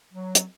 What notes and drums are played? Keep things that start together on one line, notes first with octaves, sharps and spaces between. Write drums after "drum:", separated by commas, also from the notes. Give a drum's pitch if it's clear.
F#3
drum: hi-hat